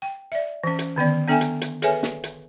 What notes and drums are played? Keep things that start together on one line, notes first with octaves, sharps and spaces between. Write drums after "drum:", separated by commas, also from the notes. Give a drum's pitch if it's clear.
G5
D5 E5
E3 C#4
drum: hi-hat
D3 D#3 B3 D5
B3 D4 A4 E5 G5 G#5
drum: hi-hat
drum: hi-hat
G#4 A4 B4 C#5 E5 G#5, drum: hi-hat
drum: snare
drum: hi-hat